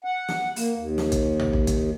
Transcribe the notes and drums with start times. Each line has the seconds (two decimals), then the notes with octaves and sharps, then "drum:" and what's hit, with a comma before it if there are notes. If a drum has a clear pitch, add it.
0.04 F#5
0.28 drum: snare
0.56 A#3, drum: open hi-hat
0.77 D#2
0.98 drum: snare
1.12 drum: kick, hi-hat
1.39 drum: tom A#1
1.53 drum: kick
1.67 drum: kick, hi-hat